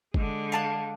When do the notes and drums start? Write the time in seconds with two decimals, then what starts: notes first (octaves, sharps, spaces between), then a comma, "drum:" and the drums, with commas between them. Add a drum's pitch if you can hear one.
0.14 D3 G#3, drum: kick F#1
0.52 F5 A5 F#6